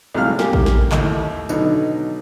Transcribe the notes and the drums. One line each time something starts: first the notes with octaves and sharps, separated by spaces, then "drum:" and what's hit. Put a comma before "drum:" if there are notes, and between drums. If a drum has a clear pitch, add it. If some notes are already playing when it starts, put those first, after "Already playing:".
C2 A2 F#3 G#3 F5 F6
A#3 G4 A#4 G#5, drum: snare
drum: kick
drum: snare
D#2 A2, drum: clap
B2 D3 F#3 D#4, drum: tambourine